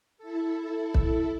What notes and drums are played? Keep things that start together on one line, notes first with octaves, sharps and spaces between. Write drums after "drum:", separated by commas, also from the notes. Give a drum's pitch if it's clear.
E4 A4
drum: kick